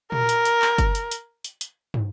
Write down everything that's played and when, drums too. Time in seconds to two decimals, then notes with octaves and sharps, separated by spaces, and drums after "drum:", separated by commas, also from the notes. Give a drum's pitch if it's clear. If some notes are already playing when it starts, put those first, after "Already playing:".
0.12 A#4, drum: tom A#2
0.29 drum: hi-hat
0.45 drum: hi-hat
0.62 drum: clap
0.78 drum: kick, hi-hat
0.95 drum: hi-hat
1.11 drum: hi-hat
1.45 drum: hi-hat
1.61 drum: hi-hat
1.94 drum: tom